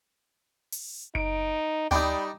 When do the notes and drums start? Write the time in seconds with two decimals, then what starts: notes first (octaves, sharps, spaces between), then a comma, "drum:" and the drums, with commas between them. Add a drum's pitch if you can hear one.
0.72 drum: open hi-hat
1.15 D#4 D7, drum: kick F#1
1.91 G3 D4 D#4 G5 B5 D#6, drum: tom D2